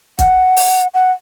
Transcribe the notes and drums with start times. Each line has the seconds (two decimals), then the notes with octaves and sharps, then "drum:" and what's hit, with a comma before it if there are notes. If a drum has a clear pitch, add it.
0.19 F#5, drum: kick, hi-hat
0.57 drum: open hi-hat
0.94 F#5